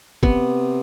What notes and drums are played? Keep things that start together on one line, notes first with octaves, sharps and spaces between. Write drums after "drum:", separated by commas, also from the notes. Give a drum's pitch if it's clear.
C3 B3, drum: kick